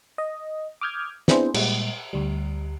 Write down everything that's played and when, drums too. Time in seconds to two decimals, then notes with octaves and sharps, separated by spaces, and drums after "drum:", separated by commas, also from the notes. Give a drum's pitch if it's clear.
0.18 D#5
0.81 D6 D#6 F6 G6 G#6
1.28 B3 C4 D4 E4 G#4 C5, drum: snare
1.54 A#2 G3 G#3, drum: cymbal
2.13 D2 G3